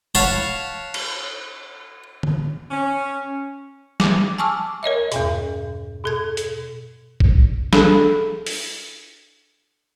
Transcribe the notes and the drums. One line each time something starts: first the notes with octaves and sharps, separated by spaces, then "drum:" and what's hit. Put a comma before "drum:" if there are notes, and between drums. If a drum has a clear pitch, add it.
C#5 F5 F#5 A5 B5
drum: cymbal
drum: tom
C#4
D6, drum: snare
G#5 A5 C#6 D6 E6 F6
A#4 C#5 D#5 E5
E2 G2 B2, drum: hi-hat
B2 A4 G#6
drum: hi-hat
drum: kick A#1
D4 G#4 A4, drum: snare
drum: open hi-hat